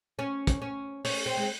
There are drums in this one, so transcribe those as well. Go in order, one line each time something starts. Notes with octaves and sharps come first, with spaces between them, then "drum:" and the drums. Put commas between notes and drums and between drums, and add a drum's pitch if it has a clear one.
C#4
drum: kick, hi-hat
C#4
C#4, drum: open hi-hat
C4
G#3